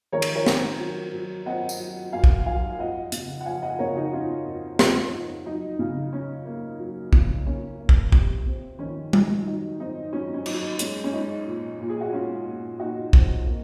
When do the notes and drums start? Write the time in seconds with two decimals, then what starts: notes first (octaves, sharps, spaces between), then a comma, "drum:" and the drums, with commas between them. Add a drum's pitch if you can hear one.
0.12 D#3 A#4 C#5
0.22 drum: cymbal
0.35 A#4 C#5
0.46 C4, drum: snare
0.79 F#3
1.13 F#3
1.46 C4 D#5 F#5
1.69 drum: tambourine
1.79 F#3
2.12 F#2 F5 G#5
2.24 drum: kick
2.46 F#3 F5 G#5
2.79 F2 D#5 F#5
3.12 C#3, drum: hi-hat
3.41 F#5
3.46 F3 F5 G#5
3.62 D#5 F#5
3.79 C#3 A#4 C#5
3.96 D#4 F#4
4.13 F2 C#4 F4
4.46 F2
4.79 F2, drum: snare
5.13 F2
5.46 F#3 D#4
5.79 C#3
6.13 C#4
6.45 A#3
6.79 F#3
7.13 C#3, drum: kick
7.46 A#3 C#4
7.80 A#3
7.89 drum: kick
8.12 C3, drum: kick
8.46 C4
8.79 D#3 C#4
9.13 D#3, drum: tom G3
9.46 F#3 D#4
9.80 C4 D#4
10.12 F#3 C#4
10.34 C#4
10.46 F#3 D#4, drum: cymbal
10.79 G#3 C#4, drum: hi-hat
11.04 C#4
11.13 G#3 D#4
11.46 A#2
11.80 A#2
11.89 G#4
12.01 F#4
12.12 G#3 C#4 F4
12.46 A#2
12.79 A#2 D#4 F#4
13.13 C4, drum: kick
13.45 A#3